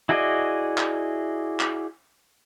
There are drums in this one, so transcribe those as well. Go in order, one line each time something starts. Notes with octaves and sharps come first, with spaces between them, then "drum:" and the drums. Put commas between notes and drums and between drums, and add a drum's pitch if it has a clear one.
E4 F#4 G#4 D5 D#5
drum: clap
drum: clap